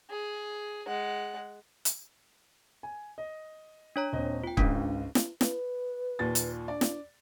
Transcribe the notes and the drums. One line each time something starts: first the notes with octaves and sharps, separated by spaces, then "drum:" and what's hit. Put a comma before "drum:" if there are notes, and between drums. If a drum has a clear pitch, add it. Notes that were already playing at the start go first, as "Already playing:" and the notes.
G#4
G#3 F#5
drum: hi-hat
G#5
D#5
D4 C#5 A#5
D#1 C4 D#5
F4 G5
G#1 C#2 C#4 D4, drum: kick
drum: snare
B4, drum: snare
D#2 A#2 A6
drum: hi-hat
D4 D5
drum: snare